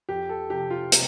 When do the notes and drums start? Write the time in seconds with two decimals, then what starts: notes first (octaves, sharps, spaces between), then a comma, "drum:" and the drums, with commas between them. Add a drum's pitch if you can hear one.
0.08 F2 G4
0.29 A4
0.50 C3 F3 G4
0.70 F4
0.92 C3, drum: hi-hat